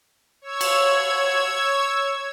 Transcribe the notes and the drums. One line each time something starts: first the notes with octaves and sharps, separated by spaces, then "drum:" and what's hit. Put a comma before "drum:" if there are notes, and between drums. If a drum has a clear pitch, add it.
C#5 E6 G#6
drum: cymbal